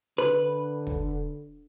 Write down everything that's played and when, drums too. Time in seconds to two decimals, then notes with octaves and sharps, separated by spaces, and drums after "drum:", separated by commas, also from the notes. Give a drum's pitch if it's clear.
0.18 D3 B4
0.87 drum: kick